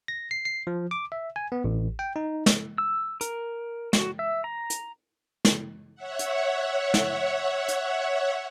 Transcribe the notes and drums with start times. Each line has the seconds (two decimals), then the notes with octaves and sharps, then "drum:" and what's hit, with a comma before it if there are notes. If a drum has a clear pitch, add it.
0.08 A#6
0.31 C7
0.45 C7
0.67 F3
0.91 D6
1.12 E5
1.36 G#5
1.52 B3
1.64 A1
1.99 G5
2.16 D#4
2.46 drum: snare
2.78 E6
3.21 A#4, drum: hi-hat
3.93 F#4, drum: snare
4.19 E5
4.44 A#5
4.70 drum: hi-hat
5.45 drum: snare
5.95 C#5 E5 F#5
6.19 drum: hi-hat
6.94 drum: snare
7.68 drum: hi-hat